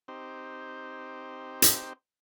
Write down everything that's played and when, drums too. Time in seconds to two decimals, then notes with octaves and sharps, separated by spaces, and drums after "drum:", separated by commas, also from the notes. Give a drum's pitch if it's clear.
0.08 C4 D#4 G4 C5
1.62 drum: hi-hat